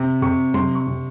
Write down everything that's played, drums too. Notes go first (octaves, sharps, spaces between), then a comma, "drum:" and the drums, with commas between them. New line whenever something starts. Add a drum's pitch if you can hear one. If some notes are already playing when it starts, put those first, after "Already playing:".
Already playing: C3
C3 C#6
C3 C6, drum: tom F#3
C#6
C3